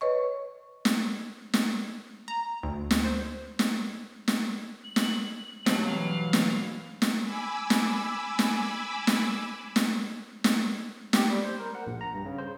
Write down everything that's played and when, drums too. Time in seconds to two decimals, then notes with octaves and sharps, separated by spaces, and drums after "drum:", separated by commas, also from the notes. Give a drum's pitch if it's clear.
0.01 B4 C#5 D#5 C#6
0.85 drum: snare
1.54 drum: snare
2.28 A#5
2.63 D2
2.91 drum: snare
3.04 C5
3.59 drum: snare
4.28 drum: snare
4.84 F#7
4.96 drum: snare
5.66 G2 B2 F#3 C4, drum: snare
5.85 E3 F5
6.33 drum: snare
7.02 drum: snare
7.24 G#5 B5 D6 E6
7.70 drum: snare
8.39 drum: snare
9.07 drum: snare
9.76 drum: snare
10.44 drum: snare
11.13 G4, drum: snare
11.30 G3
11.45 C5
11.60 A#4
11.75 F#5
11.87 A#1
12.01 A#5
12.14 G2
12.26 C#3
12.38 C5